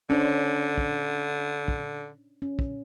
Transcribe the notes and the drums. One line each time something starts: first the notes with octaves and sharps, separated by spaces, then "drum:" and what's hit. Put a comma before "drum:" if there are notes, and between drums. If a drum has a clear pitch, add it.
D3 C#4 D4 C5
drum: kick
drum: kick
C#4
drum: kick